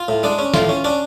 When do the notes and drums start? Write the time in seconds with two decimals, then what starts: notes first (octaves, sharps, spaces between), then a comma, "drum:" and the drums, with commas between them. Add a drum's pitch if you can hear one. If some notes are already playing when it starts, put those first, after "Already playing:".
Already playing: F4
0.08 A2
0.23 G#3 D4
0.39 C#4
0.54 A2 F4, drum: snare
0.69 C#4
0.84 C#4 D4